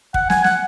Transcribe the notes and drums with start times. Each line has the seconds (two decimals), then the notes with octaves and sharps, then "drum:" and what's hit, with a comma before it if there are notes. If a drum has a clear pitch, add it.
0.14 F#5, drum: kick
0.30 G#5, drum: snare
0.44 F#5, drum: snare